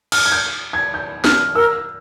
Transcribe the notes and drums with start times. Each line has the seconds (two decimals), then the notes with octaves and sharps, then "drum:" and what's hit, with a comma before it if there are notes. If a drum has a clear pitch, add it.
0.12 F6, drum: cymbal
0.25 G#6
0.32 G6
0.73 G#6
0.94 G6
1.24 F6, drum: snare
1.55 A#4 E6